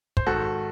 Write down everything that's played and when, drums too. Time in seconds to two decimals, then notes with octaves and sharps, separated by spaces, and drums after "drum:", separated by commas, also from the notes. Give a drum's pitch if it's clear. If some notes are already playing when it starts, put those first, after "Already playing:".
0.17 C5, drum: kick
0.27 G#2 D#3 F#4 A4